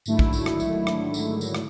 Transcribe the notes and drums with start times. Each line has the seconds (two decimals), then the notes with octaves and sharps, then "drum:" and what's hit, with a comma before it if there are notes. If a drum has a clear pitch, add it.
0.06 G#2 D3 D#3 F#3 A3 E4, drum: tambourine
0.19 drum: kick
0.33 drum: tambourine
0.46 drum: rim click
0.60 drum: tambourine
0.87 drum: rim click
1.14 drum: tambourine
1.41 drum: tambourine
1.55 drum: rim click